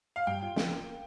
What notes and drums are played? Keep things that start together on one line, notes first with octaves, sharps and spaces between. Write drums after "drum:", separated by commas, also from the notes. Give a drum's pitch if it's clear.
F5
G2 G5
F4
F3, drum: snare
A#3